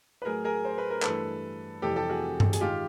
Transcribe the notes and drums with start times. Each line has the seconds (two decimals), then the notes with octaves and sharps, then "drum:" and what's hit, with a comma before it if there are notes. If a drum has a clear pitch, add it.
0.22 B4
0.25 A2 F#3 A3 G#4 A#4
0.45 G#4 A#4
0.65 C5
0.78 B4
0.90 A#4
1.02 G2 E3 A3 A4 B4, drum: clap
1.82 F2 C3 E3 G3 G4 A4
1.96 G4 A4
2.09 F#4 G#4
2.40 drum: tom G2
2.53 G#4, drum: hi-hat
2.61 D#3 G#3 F4 G4